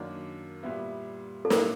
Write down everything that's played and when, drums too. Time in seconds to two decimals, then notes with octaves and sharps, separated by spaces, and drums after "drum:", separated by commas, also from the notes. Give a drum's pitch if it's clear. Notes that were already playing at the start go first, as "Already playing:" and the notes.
Already playing: F#2 D#3 F#3 A#3 D4
0.63 A#2 G3 B3 E4
1.45 A4
1.50 A#2 F#3 A#3 D4 A#4, drum: snare